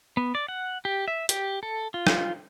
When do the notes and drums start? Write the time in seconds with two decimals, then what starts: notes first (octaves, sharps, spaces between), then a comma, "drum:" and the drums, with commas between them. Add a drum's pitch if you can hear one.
0.17 B3
0.35 D5
0.48 F#5
0.85 G4
1.08 E5
1.29 G4, drum: hi-hat
1.63 A4
1.94 F4
2.07 drum: rim click